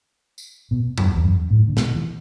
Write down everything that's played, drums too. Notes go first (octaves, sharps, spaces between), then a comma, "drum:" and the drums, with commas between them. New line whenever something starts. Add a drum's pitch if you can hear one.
drum: tambourine
B2
F#2, drum: tom E2
E2
F#2
A2
D3
B2, drum: snare
E3